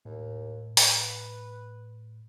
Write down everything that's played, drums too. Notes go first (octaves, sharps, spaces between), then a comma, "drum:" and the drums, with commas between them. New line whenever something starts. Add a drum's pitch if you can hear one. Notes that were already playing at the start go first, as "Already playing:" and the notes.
D#2 A2
B4, drum: open hi-hat